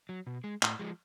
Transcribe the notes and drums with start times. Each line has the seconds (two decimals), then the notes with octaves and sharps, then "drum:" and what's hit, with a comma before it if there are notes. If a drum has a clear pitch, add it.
0.09 F#3
0.27 B2
0.44 G#3
0.63 A2, drum: clap
0.79 F3 G#3